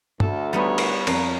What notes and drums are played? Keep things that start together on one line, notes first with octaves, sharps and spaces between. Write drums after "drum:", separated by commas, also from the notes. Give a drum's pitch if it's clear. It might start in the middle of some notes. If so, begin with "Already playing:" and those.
D2 A4, drum: tom
G3 B3 D#4 C#5 B5
drum: cymbal
F2 A#4, drum: cymbal